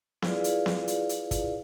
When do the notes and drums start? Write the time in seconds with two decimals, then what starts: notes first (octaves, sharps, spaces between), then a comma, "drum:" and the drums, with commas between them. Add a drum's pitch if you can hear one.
0.22 E4 F4 G#4 B4 D5 F5, drum: snare B3
0.44 drum: hi-hat
0.66 drum: snare B3
0.88 drum: hi-hat
1.09 drum: hi-hat
1.31 drum: kick, hi-hat